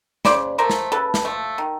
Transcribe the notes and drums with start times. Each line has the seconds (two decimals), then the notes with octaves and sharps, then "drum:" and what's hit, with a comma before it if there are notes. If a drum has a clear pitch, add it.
0.25 C#3 C5 D5, drum: snare
0.58 F3 A3 A#4 C5
0.70 drum: snare
0.92 C#3 A4 B4
1.14 drum: snare
1.25 F3 A3
1.58 D#3